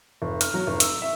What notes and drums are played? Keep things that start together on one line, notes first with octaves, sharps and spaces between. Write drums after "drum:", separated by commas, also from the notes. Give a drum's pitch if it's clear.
F1
F6, drum: hi-hat
F#3
F1
E6, drum: hi-hat
E5